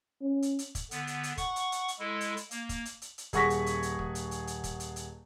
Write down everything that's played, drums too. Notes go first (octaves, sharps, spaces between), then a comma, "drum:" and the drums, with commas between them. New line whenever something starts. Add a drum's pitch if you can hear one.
C#4
drum: hi-hat
drum: hi-hat
drum: kick, hi-hat
D3 B3, drum: hi-hat
drum: hi-hat
drum: hi-hat
F#5 C#6, drum: kick, hi-hat
drum: hi-hat
drum: hi-hat
drum: hi-hat
G#3 E4 A4
drum: hi-hat
drum: hi-hat
A#3, drum: hi-hat
drum: kick, hi-hat
drum: hi-hat
drum: hi-hat
drum: hi-hat
D#1 G#4 F#5 C#6 A#6 B6, drum: kick, hi-hat
drum: hi-hat
drum: hi-hat
drum: hi-hat
drum: kick
drum: hi-hat
drum: hi-hat
drum: hi-hat
drum: kick, hi-hat
drum: hi-hat
drum: hi-hat